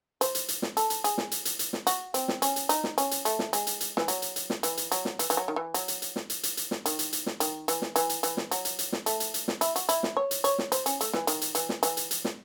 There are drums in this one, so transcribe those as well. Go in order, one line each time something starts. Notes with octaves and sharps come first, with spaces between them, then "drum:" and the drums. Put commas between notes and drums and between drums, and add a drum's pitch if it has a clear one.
C5, drum: hi-hat
drum: hi-hat
drum: hi-hat
drum: snare
A4, drum: hi-hat
drum: hi-hat
G#4, drum: hi-hat
drum: snare
drum: hi-hat
drum: hi-hat
drum: hi-hat
drum: snare
F#4, drum: hi-hat
C4, drum: hi-hat
drum: snare
C#4, drum: hi-hat
drum: hi-hat
D#4, drum: hi-hat
drum: snare
C#4, drum: hi-hat
drum: hi-hat
A3, drum: hi-hat
drum: snare
G#3, drum: hi-hat
drum: hi-hat
drum: hi-hat
E3, drum: snare
F#3, drum: hi-hat
drum: hi-hat
drum: hi-hat
drum: snare
E3, drum: hi-hat
drum: hi-hat
F#3, drum: hi-hat
drum: snare
E3, drum: hi-hat
E3, drum: hi-hat
F#3
D#3
E3
F#3, drum: hi-hat
drum: hi-hat
drum: hi-hat
drum: snare
drum: hi-hat
drum: hi-hat
drum: hi-hat
drum: snare
D#3, drum: hi-hat
drum: hi-hat
drum: hi-hat
drum: snare
D#3, drum: hi-hat
E3, drum: hi-hat
drum: snare
E3, drum: hi-hat
drum: hi-hat
E3, drum: hi-hat
drum: snare
F#3, drum: hi-hat
drum: hi-hat
drum: hi-hat
drum: snare
A3, drum: hi-hat
drum: hi-hat
drum: hi-hat
drum: snare
E4, drum: hi-hat
F#4, drum: hi-hat
E4, drum: hi-hat
drum: snare
C#5
drum: hi-hat
C#5, drum: hi-hat
drum: snare
C5, drum: hi-hat
C#4, drum: hi-hat
A3, drum: hi-hat
E3, drum: snare
D#3, drum: hi-hat
drum: hi-hat
E3, drum: hi-hat
drum: snare
E3, drum: hi-hat
drum: hi-hat
drum: hi-hat
drum: snare